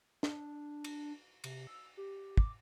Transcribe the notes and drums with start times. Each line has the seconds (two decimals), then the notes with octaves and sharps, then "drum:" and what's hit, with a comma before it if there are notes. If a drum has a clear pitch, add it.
0.23 D4, drum: snare
0.84 drum: cymbal
1.44 C3, drum: cymbal
1.67 E6
1.97 G4
2.37 D6, drum: kick